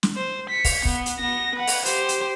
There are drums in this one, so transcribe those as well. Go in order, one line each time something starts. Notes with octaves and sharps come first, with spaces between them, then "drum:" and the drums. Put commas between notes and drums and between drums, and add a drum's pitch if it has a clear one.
drum: snare
C5
B6 C#7
drum: kick, open hi-hat
B3, drum: kick
drum: hi-hat
B3 A#6
B4 F#5
drum: open hi-hat
G4 C5, drum: hi-hat
drum: hi-hat